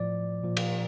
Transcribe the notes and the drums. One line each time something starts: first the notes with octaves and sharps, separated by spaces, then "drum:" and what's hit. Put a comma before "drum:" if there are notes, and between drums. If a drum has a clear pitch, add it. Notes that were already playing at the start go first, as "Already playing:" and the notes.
Already playing: A2 F3 D5
A#2 F3
drum: cymbal